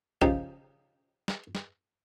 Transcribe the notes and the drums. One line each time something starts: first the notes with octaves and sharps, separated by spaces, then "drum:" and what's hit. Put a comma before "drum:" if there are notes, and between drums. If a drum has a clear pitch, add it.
C#3 F3 D#4 G4, drum: kick
drum: snare
drum: snare